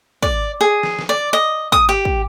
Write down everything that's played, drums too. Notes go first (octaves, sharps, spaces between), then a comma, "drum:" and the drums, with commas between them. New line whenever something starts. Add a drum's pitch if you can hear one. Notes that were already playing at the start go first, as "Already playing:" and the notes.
D5, drum: kick
G#4
drum: snare
drum: snare
D5
D#5
D#6, drum: kick
G4
drum: kick